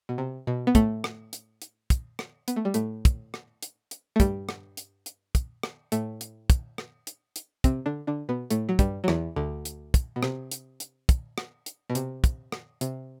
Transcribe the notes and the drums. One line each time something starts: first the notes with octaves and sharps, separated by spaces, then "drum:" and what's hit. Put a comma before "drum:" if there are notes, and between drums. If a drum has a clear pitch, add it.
B2
C3
B2
B3
A2 A3, drum: kick, hi-hat
drum: rim click
drum: hi-hat
drum: hi-hat
drum: kick, hi-hat
drum: rim click
B3, drum: hi-hat
A3
G3
A2 A3, drum: hi-hat
drum: kick, hi-hat
drum: rim click
drum: hi-hat
drum: hi-hat
A3
G2 G3, drum: kick, hi-hat
drum: rim click
drum: hi-hat
drum: hi-hat
drum: kick, hi-hat
drum: rim click
A2 A3, drum: hi-hat
drum: hi-hat
drum: kick, hi-hat
drum: rim click
drum: hi-hat
drum: hi-hat
C3 C4, drum: kick, hi-hat
D3 D4
D3 D4
B2 B3
A2 A3, drum: hi-hat
F#3
G2 G3, drum: kick, hi-hat
F#3
E2 E3, drum: rim click
D2 D3
drum: hi-hat
drum: kick, hi-hat
B2
C3, drum: rim click
drum: hi-hat
drum: hi-hat
drum: kick, hi-hat
drum: rim click
drum: hi-hat
B2
C3, drum: hi-hat
drum: kick, hi-hat
drum: rim click
C3, drum: hi-hat